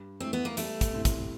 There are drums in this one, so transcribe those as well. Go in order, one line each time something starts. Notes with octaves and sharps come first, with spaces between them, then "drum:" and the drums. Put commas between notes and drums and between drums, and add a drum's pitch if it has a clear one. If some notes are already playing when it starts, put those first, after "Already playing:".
Already playing: G2
E3 A3 C4
B3
A#3
G3 A3, drum: hi-hat
drum: kick, hi-hat
C4 E4
drum: kick, hi-hat